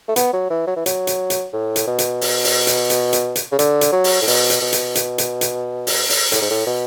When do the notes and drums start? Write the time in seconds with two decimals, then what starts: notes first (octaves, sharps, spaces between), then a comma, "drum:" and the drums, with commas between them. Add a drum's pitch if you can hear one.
0.08 A3
0.16 B3, drum: hi-hat
0.33 F#3
0.50 E3
0.67 F#3
0.76 E3
0.86 F#3, drum: hi-hat
1.07 drum: hi-hat
1.30 drum: hi-hat
1.53 A2
1.76 drum: hi-hat
1.87 B2
1.98 drum: hi-hat
2.21 drum: open hi-hat
2.44 drum: open hi-hat
2.67 drum: hi-hat
2.90 drum: hi-hat
3.13 drum: hi-hat
3.36 drum: hi-hat
3.52 C#3
3.59 D3, drum: hi-hat
3.81 drum: hi-hat
3.92 F#3
4.04 drum: open hi-hat
4.22 A2
4.27 B2, drum: open hi-hat
4.50 drum: hi-hat
4.62 B2
4.73 drum: hi-hat
4.95 drum: hi-hat
5.18 drum: hi-hat
5.41 drum: hi-hat
5.87 drum: open hi-hat
6.10 drum: open hi-hat
6.32 A2, drum: hi-hat
6.42 G#2
6.51 A2
6.67 B2